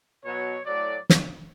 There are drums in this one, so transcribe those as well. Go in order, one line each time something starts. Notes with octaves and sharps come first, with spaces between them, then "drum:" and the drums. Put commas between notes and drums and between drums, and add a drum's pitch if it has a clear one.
B2 F#3 C#5
A2 F#3 D5
drum: snare